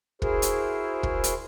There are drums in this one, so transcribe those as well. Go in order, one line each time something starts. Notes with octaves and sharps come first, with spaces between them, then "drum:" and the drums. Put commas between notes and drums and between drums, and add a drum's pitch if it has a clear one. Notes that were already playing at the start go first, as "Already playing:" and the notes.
E4 F#4 G#4 A#4 C5, drum: kick
drum: hi-hat
drum: kick
drum: hi-hat